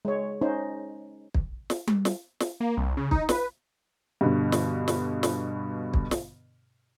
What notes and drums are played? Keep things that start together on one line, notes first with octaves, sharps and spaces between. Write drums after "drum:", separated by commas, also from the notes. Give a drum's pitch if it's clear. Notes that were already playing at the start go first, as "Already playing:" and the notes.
G#3 C#5
C#4 D#4 C5
drum: kick
drum: snare
drum: tom G3
drum: snare
drum: snare
A#3
C2
C#3
D#4, drum: kick
B4, drum: snare
G2 B2 D3
drum: snare
drum: snare
drum: snare
drum: kick
drum: snare